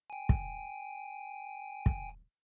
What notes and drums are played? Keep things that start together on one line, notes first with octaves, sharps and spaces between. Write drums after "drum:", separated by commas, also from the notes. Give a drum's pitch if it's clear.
G5 G#5
drum: kick
drum: kick